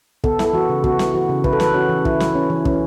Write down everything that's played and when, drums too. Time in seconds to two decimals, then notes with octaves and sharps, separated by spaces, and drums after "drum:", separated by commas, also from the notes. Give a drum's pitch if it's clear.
0.24 B3 A4, drum: kick
0.39 E4, drum: snare
0.45 A4
0.53 E3 F#4
0.69 C#3
0.84 B3 F#4, drum: kick
0.99 E4, drum: snare
1.14 E3 F#4
1.29 C#3
1.44 E4 B4, drum: kick
1.53 A4
1.60 E3 B4, drum: snare
1.74 C#4 F#4
1.89 E3
2.05 E4, drum: kick
2.20 E3, drum: snare
2.35 C#4
2.50 E3
2.65 C#4, drum: kick